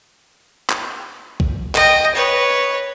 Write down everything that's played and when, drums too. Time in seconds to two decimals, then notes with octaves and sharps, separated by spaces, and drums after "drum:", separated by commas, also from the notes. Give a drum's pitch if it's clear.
0.70 drum: clap
1.40 drum: kick B1
1.75 D#5 G5, drum: clap
2.15 B4 C#5